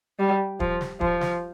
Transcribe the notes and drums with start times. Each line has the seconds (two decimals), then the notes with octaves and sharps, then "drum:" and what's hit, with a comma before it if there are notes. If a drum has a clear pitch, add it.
0.19 G3
0.60 F3, drum: kick
0.81 drum: snare
1.01 F3, drum: kick
1.21 drum: snare